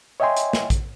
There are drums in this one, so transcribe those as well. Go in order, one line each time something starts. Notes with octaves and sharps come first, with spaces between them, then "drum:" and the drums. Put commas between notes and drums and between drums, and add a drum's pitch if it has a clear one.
C#5 D#5 E5 G5 G#5 C6
drum: hi-hat
drum: snare
drum: kick, hi-hat